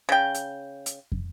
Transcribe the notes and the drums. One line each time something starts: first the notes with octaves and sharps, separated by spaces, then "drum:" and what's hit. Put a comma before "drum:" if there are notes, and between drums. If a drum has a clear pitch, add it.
C#3 G5
drum: hi-hat
drum: hi-hat
drum: kick